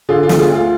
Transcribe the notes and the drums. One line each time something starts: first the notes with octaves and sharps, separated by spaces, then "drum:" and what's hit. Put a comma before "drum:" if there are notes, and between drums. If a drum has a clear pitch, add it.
D3 F4 G#4
F4
D2, drum: snare
F4 G#4
D2
F4